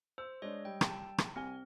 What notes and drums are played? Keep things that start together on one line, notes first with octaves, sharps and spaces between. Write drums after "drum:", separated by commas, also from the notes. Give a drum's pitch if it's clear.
C5 E6
G#3 D4 C#5 D#5
G3 G5
G5 A5, drum: rim click
drum: rim click
C2 C4 G#5 G7